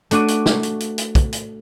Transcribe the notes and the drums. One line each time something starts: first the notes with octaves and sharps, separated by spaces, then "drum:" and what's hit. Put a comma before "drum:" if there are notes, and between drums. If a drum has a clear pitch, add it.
A3 D4 F#4 D6 D#7, drum: hi-hat
drum: hi-hat
drum: snare
drum: hi-hat
drum: hi-hat
drum: hi-hat
drum: kick, hi-hat
drum: hi-hat